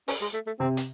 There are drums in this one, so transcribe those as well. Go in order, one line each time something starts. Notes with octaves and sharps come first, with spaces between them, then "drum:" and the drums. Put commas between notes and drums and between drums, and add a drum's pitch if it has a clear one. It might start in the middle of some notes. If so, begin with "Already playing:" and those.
C#4, drum: open hi-hat
G#3
A3
A3
C3 C4
drum: hi-hat